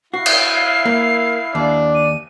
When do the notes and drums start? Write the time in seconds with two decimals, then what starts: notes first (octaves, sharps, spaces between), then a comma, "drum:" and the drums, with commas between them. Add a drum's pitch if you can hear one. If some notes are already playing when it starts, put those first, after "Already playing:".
0.14 E4 F#4 F5 C7
0.26 drum: cymbal
0.85 A#3
1.55 D#2 D4 D5
1.95 D#7